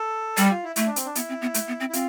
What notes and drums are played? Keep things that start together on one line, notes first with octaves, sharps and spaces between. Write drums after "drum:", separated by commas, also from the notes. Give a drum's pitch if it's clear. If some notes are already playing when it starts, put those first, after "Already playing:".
Already playing: A4
G3 G4, drum: hi-hat
F4
E4
A3 E4, drum: hi-hat
D4
C4, drum: hi-hat
D4
B3 E4, drum: hi-hat
C4
B3
A3, drum: hi-hat
B3
C4
E4
C4 F4, drum: hi-hat